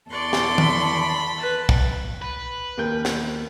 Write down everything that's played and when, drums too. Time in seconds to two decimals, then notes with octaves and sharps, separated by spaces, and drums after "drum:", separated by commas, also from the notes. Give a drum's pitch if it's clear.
0.10 E2 A4 D5 C6 C#6
0.33 drum: snare
0.58 B5, drum: tom
1.38 B4 A5
1.69 drum: kick
2.22 B4
2.78 D#2 A#4 G6
3.05 drum: snare